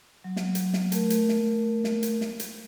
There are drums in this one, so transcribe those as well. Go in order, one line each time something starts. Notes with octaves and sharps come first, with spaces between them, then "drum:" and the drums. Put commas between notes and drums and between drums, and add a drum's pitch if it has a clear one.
F#3
drum: snare
drum: hi-hat
drum: snare
A3 A#4, drum: hi-hat
drum: hi-hat
drum: snare
drum: snare
drum: hi-hat
drum: snare
drum: hi-hat